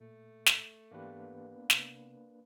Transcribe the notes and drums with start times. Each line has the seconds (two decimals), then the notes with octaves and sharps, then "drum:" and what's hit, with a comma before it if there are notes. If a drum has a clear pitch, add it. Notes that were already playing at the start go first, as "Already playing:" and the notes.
0.01 A#2 A3
0.46 drum: snare
0.91 G#2 E3 A#3 B3 D4 G4 B4
1.70 C3, drum: snare